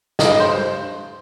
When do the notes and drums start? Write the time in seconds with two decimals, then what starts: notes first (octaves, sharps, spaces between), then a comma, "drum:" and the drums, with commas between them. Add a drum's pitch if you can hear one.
0.19 G2 D#5, drum: snare
0.40 C5